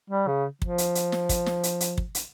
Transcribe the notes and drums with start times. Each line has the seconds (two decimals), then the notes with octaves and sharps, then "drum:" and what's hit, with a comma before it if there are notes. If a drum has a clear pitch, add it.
0.10 G3
0.27 C#3
0.62 F3, drum: kick
0.78 drum: hi-hat
0.95 drum: hi-hat
1.12 drum: snare
1.29 drum: kick, hi-hat
1.46 drum: snare
1.63 drum: hi-hat
1.80 drum: hi-hat
1.98 drum: kick
2.15 drum: hi-hat